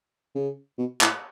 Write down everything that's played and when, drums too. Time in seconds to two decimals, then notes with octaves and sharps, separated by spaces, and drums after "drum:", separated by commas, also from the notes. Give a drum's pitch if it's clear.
0.35 C#3
0.78 B2
1.01 A2, drum: clap